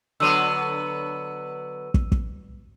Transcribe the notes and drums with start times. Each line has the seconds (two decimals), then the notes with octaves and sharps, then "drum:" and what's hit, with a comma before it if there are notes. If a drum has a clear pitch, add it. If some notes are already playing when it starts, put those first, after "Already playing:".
0.20 D3 F#3 B3 E6 D#7
1.94 drum: kick
2.12 drum: kick